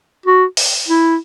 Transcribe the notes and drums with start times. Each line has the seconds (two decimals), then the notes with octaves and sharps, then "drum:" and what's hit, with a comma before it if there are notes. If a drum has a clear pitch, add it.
0.26 F#4
0.57 drum: open hi-hat
0.88 E4